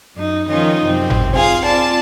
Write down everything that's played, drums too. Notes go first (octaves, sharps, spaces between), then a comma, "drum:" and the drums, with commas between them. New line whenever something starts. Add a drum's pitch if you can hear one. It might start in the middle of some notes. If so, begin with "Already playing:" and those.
F#2 D#4
D#3 F3 C#4 D#4 F4
F#2 C3 C4
drum: tom G1
F4 G#4 F5
C4 F4 D5 A5